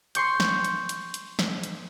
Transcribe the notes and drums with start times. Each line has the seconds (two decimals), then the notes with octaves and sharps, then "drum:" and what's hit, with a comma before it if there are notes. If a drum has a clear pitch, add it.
0.15 C6 C#6 G6, drum: hi-hat
0.40 drum: snare
0.65 drum: hi-hat
0.89 drum: hi-hat
1.14 drum: hi-hat
1.39 drum: snare
1.64 drum: hi-hat